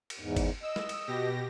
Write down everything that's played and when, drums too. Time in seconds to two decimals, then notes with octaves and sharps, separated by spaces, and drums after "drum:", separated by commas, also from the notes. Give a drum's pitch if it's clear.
0.10 drum: cymbal
0.19 E2 G#2
0.37 drum: kick, cymbal
0.63 D#5 E6
0.76 drum: snare
0.89 drum: cymbal
1.08 B2 G4 A#6